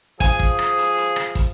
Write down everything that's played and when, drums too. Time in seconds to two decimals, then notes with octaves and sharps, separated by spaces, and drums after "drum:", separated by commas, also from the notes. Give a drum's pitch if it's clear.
0.20 F3 G#4 G#5, drum: kick, hi-hat
0.39 drum: kick
0.59 drum: rim click
0.78 drum: hi-hat
0.97 drum: hi-hat
1.16 drum: rim click
1.35 drum: kick, hi-hat